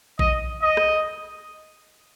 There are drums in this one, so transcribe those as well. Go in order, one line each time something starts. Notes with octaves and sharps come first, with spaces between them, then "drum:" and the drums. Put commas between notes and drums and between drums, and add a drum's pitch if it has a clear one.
D#5, drum: kick A#1
D#5
drum: rim click